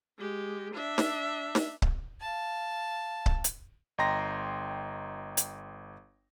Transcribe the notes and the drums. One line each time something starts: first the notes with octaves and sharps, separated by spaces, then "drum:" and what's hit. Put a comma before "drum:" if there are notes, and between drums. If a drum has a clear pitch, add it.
G#3 G4
D4 E5
drum: snare
drum: snare
drum: kick C#1
F5 A5
drum: kick C#1
drum: hi-hat
G1 D#5 G5 A#5 C6 A#6
drum: hi-hat